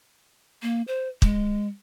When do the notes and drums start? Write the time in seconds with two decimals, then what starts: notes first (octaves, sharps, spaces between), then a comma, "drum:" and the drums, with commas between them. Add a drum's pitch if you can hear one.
0.62 A#3
0.88 C5
1.22 G#3, drum: kick